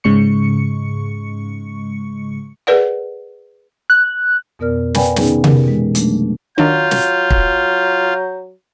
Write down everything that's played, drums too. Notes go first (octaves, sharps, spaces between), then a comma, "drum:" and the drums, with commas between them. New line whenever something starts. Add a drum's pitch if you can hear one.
G#2 C#3 G#3 C#6 C#7
G#4 A#4 B4 D5 F#5
F#6
F2 B2 B3 A#4 D5 F6
B4 D5 F5 G5 G#5 B5, drum: snare
C3 D#3 B3 C#4 D#4 G#4, drum: snare
G4 A#4, drum: tom C3
B2 E3 G#3
F#3 A3 D4, drum: hi-hat
D#3 F#3 D4 F4 G6
drum: snare
drum: kick